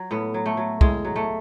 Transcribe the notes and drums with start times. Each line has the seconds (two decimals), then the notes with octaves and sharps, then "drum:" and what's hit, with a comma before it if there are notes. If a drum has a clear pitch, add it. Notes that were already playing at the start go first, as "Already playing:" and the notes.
Already playing: F#3
0.11 A2 B3
0.34 F#3
0.46 A3
0.57 F#3
0.81 A2 G#3, drum: kick
1.05 F#3
1.16 A3